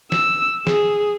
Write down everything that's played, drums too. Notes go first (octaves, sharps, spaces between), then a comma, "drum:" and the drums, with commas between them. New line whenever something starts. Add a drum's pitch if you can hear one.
E6, drum: snare
G#4, drum: snare